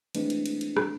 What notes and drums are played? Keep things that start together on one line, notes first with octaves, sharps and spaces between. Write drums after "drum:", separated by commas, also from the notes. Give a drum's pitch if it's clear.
E3 G#3 A3 C4 D4, drum: cymbal
drum: cymbal
drum: cymbal
drum: cymbal
drum: rim click